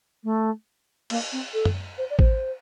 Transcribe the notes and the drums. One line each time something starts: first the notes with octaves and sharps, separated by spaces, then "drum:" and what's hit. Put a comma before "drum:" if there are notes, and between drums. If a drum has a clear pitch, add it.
A3
A#3, drum: cymbal
C4
A4
drum: tom F#2
C5
D5
C5, drum: kick